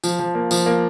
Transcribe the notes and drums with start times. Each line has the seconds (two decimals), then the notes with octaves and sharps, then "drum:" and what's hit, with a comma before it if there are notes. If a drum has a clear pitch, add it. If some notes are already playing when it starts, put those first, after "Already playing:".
0.04 F3, drum: tambourine
0.19 F3
0.35 A#3
0.51 F3, drum: tambourine
0.66 A#3